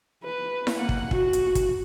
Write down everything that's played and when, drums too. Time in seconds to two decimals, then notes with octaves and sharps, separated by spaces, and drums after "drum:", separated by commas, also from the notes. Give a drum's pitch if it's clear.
0.23 B4
0.67 drum: snare E4
0.76 A#3 F#5
0.89 drum: kick
1.11 F#4, drum: kick
1.33 drum: hi-hat
1.55 drum: kick, hi-hat